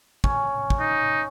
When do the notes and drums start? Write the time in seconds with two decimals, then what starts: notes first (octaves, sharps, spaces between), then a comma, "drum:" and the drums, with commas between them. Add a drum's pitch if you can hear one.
0.24 C#4, drum: kick
0.70 drum: kick
0.80 D#4